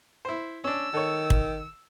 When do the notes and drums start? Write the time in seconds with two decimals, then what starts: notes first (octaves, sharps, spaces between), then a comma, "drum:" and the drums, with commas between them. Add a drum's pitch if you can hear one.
0.25 E4 C5
0.64 C#4 D4 E6
0.93 D#3 A4 C#5
1.30 drum: kick